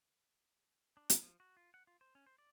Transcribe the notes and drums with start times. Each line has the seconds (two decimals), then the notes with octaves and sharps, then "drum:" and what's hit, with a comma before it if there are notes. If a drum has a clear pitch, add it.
0.97 D4
1.10 A#4, drum: hi-hat
1.23 F3
1.40 F#4
1.57 F4
1.74 F#5
1.87 F4
2.01 C5
2.15 C#4
2.26 C5
2.38 D5